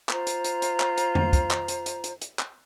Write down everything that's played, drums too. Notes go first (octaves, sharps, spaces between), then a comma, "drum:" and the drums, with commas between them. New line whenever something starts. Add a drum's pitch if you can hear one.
F4 C5 A#5, drum: clap
drum: hi-hat
drum: hi-hat
drum: hi-hat
drum: clap
drum: hi-hat
drum: tom F2
drum: kick, hi-hat
drum: clap
drum: hi-hat
drum: hi-hat
drum: hi-hat
drum: hi-hat
drum: clap